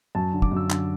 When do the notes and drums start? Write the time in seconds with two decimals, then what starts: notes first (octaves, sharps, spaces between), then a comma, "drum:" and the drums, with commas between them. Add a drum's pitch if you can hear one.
0.15 F#2 A5
0.33 D3
0.42 D6, drum: kick
0.52 F#2 E6
0.70 D3, drum: clap